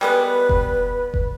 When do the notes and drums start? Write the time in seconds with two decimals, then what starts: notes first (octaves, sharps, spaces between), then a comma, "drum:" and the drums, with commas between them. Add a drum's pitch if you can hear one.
0.01 G3 G#3 B3 B4
0.49 drum: kick F1
1.14 drum: kick F1